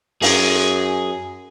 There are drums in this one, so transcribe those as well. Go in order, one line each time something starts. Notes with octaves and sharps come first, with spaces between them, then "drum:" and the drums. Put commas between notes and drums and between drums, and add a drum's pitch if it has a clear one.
F#2 G#4, drum: open hi-hat